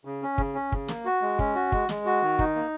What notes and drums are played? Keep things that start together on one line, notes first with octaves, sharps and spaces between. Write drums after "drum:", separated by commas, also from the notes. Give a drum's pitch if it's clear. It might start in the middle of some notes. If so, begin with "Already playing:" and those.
C#3
C#4
C#3, drum: kick
C#4
C#3, drum: kick
A#3, drum: snare
F#4
G#3
C#4, drum: kick
F#4
G#3, drum: kick
G#3, drum: snare
F#4
D#3
D#4, drum: kick
A#3